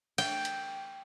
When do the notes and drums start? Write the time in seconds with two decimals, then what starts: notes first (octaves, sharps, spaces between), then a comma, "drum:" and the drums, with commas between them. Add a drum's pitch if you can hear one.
0.18 G5, drum: cymbal
0.45 drum: hi-hat